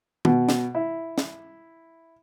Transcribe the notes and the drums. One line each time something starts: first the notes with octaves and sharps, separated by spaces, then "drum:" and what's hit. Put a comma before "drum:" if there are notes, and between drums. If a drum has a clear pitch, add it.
B2, drum: tom D#3
drum: snare
E4
drum: snare